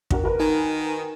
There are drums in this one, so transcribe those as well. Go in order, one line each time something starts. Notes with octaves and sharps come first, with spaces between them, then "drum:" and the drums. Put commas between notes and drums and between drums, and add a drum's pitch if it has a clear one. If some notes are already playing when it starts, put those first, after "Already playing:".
D4 F#4 A#4, drum: kick
F#4 A#4 B4
D#3 D#4 G#5